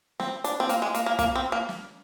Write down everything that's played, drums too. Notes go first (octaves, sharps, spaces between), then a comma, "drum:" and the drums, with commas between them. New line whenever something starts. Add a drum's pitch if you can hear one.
C4, drum: snare
D4, drum: hi-hat
C4
A#3, drum: hi-hat
G#3
A#3, drum: hi-hat
A#3
A#3, drum: kick, hi-hat
C4
A#3
drum: snare